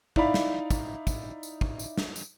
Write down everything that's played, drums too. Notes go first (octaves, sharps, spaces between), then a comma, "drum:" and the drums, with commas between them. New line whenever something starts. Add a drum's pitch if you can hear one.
D#4 E4 D5 F5 B5, drum: kick
drum: snare
drum: kick, tambourine
drum: kick, tambourine
drum: tambourine
drum: kick
drum: tambourine
drum: snare
drum: tambourine